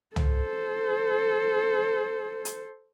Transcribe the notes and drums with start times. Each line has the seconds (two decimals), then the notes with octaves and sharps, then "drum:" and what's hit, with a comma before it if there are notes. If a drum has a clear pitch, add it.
0.16 A4 C5, drum: tom
2.45 drum: hi-hat